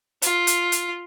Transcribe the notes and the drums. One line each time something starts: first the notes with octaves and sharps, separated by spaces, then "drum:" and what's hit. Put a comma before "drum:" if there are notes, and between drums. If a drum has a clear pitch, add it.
F4, drum: hi-hat
drum: hi-hat
drum: hi-hat